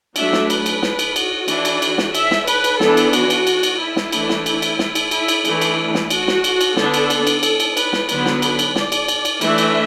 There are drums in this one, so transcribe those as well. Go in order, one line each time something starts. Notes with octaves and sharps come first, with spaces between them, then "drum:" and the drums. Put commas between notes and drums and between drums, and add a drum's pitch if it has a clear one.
F#3 A3 D4 E5, drum: cymbal
drum: snare
B4, drum: cymbal
drum: cymbal
drum: snare
drum: cymbal
F#4, drum: cymbal
E3 D4, drum: cymbal
drum: cymbal
F#4, drum: cymbal
drum: snare
E5, drum: cymbal
drum: snare
B4, drum: cymbal
drum: cymbal
E3 B3 D4 A4, drum: snare
drum: cymbal
F#4, drum: cymbal
drum: cymbal
drum: cymbal
drum: cymbal
E4
drum: snare
E3 A3 D4, drum: cymbal
drum: snare
E4, drum: cymbal
drum: cymbal
drum: snare
drum: cymbal
E4, drum: cymbal
drum: cymbal
E3 A3 D4 E4, drum: cymbal
drum: cymbal
drum: snare
F#4, drum: cymbal
drum: snare
drum: cymbal
drum: cymbal
D3 B3 D4 A4, drum: snare
drum: cymbal
drum: cymbal
drum: cymbal
A4, drum: cymbal
drum: cymbal
B4, drum: cymbal
drum: snare
D3 F#3 B3 B4, drum: cymbal
drum: snare
drum: cymbal
drum: cymbal
D5, drum: snare
drum: cymbal
drum: cymbal
drum: cymbal
E3 A3 D4 E5, drum: cymbal
drum: cymbal